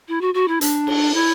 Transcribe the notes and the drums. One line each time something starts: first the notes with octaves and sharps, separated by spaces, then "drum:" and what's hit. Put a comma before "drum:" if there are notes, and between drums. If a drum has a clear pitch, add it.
E4
F#4
F#4
E4
D4, drum: hi-hat
drum: cymbal
E4